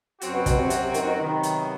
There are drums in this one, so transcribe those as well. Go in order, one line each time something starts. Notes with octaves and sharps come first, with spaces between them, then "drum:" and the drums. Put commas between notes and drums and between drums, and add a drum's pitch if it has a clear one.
F#2 F#3 C4 F#4, drum: hi-hat
B2
B2, drum: kick, hi-hat
C3
C3, drum: hi-hat
C3
D#3, drum: hi-hat
D#3
C3 D#3 F#3 B3
drum: hi-hat